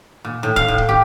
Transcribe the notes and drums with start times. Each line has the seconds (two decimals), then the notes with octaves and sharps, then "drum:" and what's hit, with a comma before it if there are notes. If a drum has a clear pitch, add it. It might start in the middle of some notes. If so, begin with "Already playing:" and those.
0.25 A#2
0.43 A2
0.56 F5, drum: kick
0.68 A2
0.78 drum: kick
0.89 G4